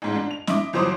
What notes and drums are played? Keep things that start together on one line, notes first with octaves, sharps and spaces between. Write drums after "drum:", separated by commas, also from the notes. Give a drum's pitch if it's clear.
A1 G#2
D4
F7
D#5 E5 D6, drum: snare C#4
G1 E3 F#3 C5 D6 D#6